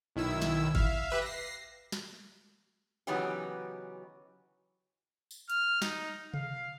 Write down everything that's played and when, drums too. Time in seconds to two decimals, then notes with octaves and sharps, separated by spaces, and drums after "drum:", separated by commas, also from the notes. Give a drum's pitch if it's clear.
0.16 B1 D#3 E4 E6
0.42 drum: snare
0.75 E5 F5, drum: kick
1.10 G4 B4 E5
1.22 A#6 C7
1.92 drum: snare
3.07 C#3 E3 F#3 B3 D#4 G4
5.31 drum: tambourine
5.50 F6, drum: hi-hat
5.82 D#4, drum: snare
6.34 F5, drum: tom C3